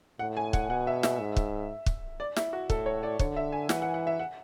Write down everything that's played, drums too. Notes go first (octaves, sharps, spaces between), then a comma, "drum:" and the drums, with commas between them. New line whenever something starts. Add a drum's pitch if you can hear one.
A2 F#5
G#5
F#5, drum: kick
B2 F#5
E5
E5, drum: snare
G#2
drum: kick
drum: kick
D5
E4, drum: snare
F#4
A2 A4, drum: kick
C#5
D5
D3 C#5, drum: kick
E5
G#5
E3 F#5, drum: snare
F#5
F#5
E5
F#5